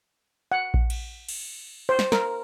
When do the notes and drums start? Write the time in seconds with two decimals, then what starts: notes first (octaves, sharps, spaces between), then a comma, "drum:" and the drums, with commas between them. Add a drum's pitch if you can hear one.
0.52 F#5
0.74 drum: kick A#1
0.90 drum: cymbal
1.29 drum: cymbal
1.89 C5
1.99 drum: snare
2.12 A#4, drum: snare